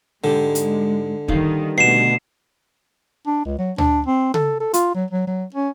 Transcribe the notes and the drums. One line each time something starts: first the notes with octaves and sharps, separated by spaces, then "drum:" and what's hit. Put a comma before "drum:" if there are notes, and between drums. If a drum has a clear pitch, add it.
G#2 D3 G#3 G4
drum: hi-hat
D#3 G3 D#4 F5, drum: kick
B2 D3 A3 B3 C7 E7
D4
C#2
F#3
D4, drum: tom D2
C4
A4, drum: tom C#3
A4
F4, drum: hi-hat
F#3
F#3
F#3
C#4